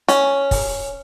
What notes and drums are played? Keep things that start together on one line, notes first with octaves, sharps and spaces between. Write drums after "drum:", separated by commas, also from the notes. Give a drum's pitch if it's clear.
C#4, drum: hi-hat
drum: kick, open hi-hat